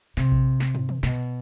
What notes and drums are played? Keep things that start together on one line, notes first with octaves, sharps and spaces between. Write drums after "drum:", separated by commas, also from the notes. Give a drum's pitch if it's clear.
C3, drum: snare
drum: kick A#1
drum: snare
drum: tom
drum: tom
B2, drum: snare